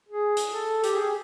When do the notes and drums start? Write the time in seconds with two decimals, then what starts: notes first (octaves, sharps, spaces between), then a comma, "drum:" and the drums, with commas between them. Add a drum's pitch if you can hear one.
0.09 G#4
0.37 drum: hi-hat
0.52 A4
0.83 G4, drum: hi-hat
0.95 G#4